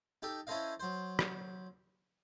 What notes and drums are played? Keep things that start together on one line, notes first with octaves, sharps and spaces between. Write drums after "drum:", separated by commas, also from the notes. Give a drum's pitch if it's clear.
D#4 G4 A4
C#4 E4 A4 C5 D#5 F5
F#3 C5
drum: rim click